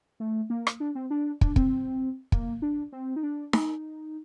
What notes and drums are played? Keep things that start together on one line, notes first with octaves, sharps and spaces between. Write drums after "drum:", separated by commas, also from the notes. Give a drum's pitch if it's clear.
A3
A#3
drum: rim click
D4
C4
D4
D4, drum: kick
C4, drum: kick
A#3, drum: kick
D4
C4
D#4
D4
D#4, drum: snare D#4